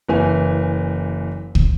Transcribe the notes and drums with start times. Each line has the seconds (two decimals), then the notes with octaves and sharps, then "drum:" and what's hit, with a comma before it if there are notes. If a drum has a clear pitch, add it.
0.09 F#1 E3 G#5
1.55 drum: kick